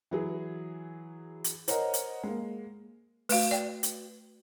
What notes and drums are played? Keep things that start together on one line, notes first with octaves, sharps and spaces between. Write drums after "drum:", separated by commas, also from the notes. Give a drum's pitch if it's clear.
E3 F#3 G#4
drum: hi-hat
A#4 C5 C#5 D#5 F#5 A#5, drum: hi-hat
drum: hi-hat
G#3 A#3
A3 F#4 B4 F5, drum: open hi-hat
D5 G5
drum: hi-hat